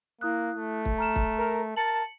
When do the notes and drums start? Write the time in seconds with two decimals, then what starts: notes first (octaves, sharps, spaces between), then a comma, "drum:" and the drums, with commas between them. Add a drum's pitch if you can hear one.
0.21 A#3 E4 D#6 F#6
0.56 A3
0.85 drum: kick
0.98 A#5 F6 E7
1.16 drum: kick
1.38 A#4
1.76 A#4 A5 C#7 F#7